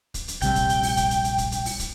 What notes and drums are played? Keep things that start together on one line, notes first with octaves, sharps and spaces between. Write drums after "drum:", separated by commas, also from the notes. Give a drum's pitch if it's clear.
drum: kick, hi-hat
drum: hi-hat
A#1 C3 G3 G5, drum: hi-hat
drum: kick, hi-hat
drum: hi-hat
drum: open hi-hat
drum: kick, hi-hat
drum: hi-hat
drum: hi-hat
drum: kick, hi-hat
drum: hi-hat
drum: open hi-hat
drum: kick, hi-hat